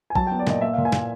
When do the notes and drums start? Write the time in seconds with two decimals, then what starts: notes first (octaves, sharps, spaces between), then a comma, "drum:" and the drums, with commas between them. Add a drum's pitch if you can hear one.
0.10 G#5
0.15 F#3 A5, drum: kick
0.27 B3 G5
0.39 D5
0.47 A#2 D#5, drum: snare
0.61 A#3 E5
0.73 A#2 F5
0.85 G#5
0.92 A#2, drum: snare